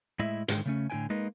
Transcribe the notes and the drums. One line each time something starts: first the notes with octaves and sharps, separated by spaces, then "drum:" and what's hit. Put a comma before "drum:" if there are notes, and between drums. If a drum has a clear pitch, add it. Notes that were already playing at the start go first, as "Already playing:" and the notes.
A2 G#3 E4 D#5 E5
G#2 D3 D#3 G#3 A4 G5, drum: hi-hat
C#3 A3 C#4
A2 D3 E4 B4 G5 G#5
G#3 A#3 D#4 B4